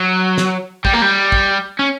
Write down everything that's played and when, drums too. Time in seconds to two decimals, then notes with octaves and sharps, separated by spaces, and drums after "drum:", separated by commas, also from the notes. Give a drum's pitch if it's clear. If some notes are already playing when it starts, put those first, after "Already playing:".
Already playing: F#3
0.38 drum: snare
0.85 G3, drum: kick
0.93 A#3
1.02 G3
1.32 drum: kick
1.79 C#4